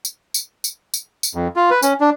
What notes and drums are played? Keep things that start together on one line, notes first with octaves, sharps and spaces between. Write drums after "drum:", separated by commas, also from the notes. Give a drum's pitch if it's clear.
drum: tambourine
drum: tambourine
drum: tambourine
drum: tambourine
drum: tambourine
F2
F4
B4
C#4, drum: tambourine
D4